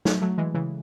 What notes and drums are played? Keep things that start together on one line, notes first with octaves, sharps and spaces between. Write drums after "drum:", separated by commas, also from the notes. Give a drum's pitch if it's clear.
F#3 A3, drum: snare
F#3 A3
E3 G#3
C#3 E3